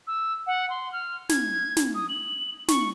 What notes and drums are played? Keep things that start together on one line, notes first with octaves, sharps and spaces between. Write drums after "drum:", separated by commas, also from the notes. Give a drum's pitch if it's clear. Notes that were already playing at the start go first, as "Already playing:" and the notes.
E6
F#5
C6
F6
G#6, drum: snare
drum: snare
D#6
F#7
C#6, drum: snare